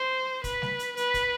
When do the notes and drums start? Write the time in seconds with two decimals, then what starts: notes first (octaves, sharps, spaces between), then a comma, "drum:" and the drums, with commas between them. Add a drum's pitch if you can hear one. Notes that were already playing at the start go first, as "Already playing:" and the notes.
Already playing: C5
0.44 B4, drum: kick, hi-hat
0.62 drum: snare G3
0.79 drum: hi-hat
0.97 B4, drum: hi-hat
1.14 drum: kick, hi-hat